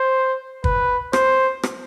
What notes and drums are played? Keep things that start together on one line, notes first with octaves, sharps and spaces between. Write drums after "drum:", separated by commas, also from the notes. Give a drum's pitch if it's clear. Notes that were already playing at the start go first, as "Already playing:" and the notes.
Already playing: C5
B4, drum: kick
C5, drum: rim click
drum: rim click